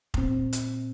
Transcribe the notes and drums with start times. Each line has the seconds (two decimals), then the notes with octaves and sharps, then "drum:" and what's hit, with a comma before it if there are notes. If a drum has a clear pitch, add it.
0.14 A#2 C4, drum: kick F1
0.53 drum: hi-hat